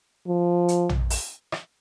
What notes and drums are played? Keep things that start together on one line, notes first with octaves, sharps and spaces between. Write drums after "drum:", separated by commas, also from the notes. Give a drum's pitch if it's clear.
F3
drum: hi-hat
drum: tom
drum: open hi-hat
drum: rim click